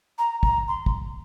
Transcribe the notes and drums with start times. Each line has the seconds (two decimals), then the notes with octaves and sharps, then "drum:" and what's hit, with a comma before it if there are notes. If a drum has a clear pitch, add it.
0.18 A#5
0.43 A#5, drum: kick
0.68 C6
0.86 drum: kick